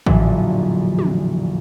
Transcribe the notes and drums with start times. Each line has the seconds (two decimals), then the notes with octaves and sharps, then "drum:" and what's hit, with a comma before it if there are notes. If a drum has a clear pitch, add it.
0.06 A#1 F2 A2 D3 E3 F#3, drum: kick A1
0.99 drum: tom